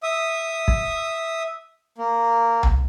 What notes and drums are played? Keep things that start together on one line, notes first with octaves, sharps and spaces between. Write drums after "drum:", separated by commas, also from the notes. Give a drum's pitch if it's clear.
E5 D#6
drum: kick
A#3
drum: tom C2